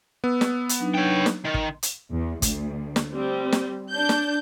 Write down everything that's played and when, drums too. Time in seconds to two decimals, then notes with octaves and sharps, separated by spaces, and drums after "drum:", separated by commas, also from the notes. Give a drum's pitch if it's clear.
0.24 B3 E6
0.41 drum: snare
0.69 drum: hi-hat
0.80 F#3 D4 D#4
0.95 C#5 G5
1.26 drum: snare
1.45 D#3 C6
1.54 drum: kick
1.83 drum: hi-hat
2.11 E2
2.42 D2, drum: kick, hi-hat
2.96 drum: snare
3.12 G3 C4
3.52 drum: snare
3.91 D4 G6
4.09 drum: snare